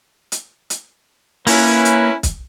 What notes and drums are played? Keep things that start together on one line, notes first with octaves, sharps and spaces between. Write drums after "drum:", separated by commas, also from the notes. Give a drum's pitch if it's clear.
drum: hi-hat
drum: hi-hat
A#3 C#4 E4 B4, drum: open hi-hat
drum: hi-hat
drum: kick, hi-hat